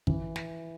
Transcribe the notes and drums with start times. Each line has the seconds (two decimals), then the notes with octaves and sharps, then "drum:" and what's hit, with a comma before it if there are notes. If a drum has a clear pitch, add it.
0.07 E3, drum: kick
0.36 drum: snare